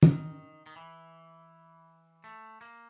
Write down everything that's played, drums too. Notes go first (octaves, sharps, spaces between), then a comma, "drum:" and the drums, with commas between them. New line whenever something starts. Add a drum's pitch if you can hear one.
D#3, drum: tom
D#3
E3
A3
A#3